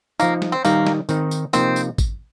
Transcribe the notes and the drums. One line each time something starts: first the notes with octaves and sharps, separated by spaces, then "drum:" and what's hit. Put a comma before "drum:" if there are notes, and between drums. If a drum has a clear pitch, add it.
F3 A#3 D#4, drum: tambourine
drum: snare
C4
D#3 G3 A#3 D#4, drum: tambourine
drum: snare
D#3 C4 D#4, drum: tambourine
drum: tambourine
C3 F3 A#3 C4 D#4, drum: tambourine
drum: tambourine
drum: kick G#1, tambourine